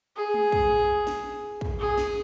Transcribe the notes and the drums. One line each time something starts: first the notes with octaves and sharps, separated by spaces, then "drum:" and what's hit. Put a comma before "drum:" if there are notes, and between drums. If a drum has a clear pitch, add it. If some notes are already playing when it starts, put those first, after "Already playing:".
G#4
drum: tom G#3
drum: kick
drum: snare
drum: kick
G#4
drum: snare